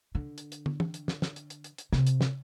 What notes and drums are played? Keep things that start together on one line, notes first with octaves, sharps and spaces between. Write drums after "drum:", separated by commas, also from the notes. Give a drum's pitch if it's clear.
D3
drum: hi-hat
drum: hi-hat
drum: tom
drum: tom E3
drum: hi-hat
drum: snare
drum: snare
drum: hi-hat
drum: hi-hat
drum: hi-hat
drum: hi-hat
C3, drum: snare
drum: hi-hat
drum: snare